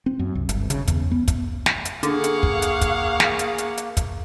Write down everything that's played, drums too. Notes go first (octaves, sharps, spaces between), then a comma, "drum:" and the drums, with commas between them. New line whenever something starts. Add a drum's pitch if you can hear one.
C4
F#2
C2
G1, drum: hi-hat
C#3, drum: hi-hat
E2, drum: kick, hi-hat
B3
drum: kick, hi-hat
drum: snare
drum: hi-hat
D3 A#3 G#4 F5 F#5 C#6, drum: hi-hat
drum: hi-hat
drum: kick
drum: hi-hat
drum: kick, hi-hat
drum: snare
drum: hi-hat
drum: hi-hat
drum: hi-hat
drum: kick, hi-hat